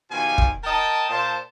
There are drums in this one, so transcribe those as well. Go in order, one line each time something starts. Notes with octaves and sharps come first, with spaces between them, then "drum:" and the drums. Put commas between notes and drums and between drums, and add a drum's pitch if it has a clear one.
B2 D#3 F3 G3 F5 G#5
drum: kick
A#4 D#5 G5 A5
A#2 C5 A5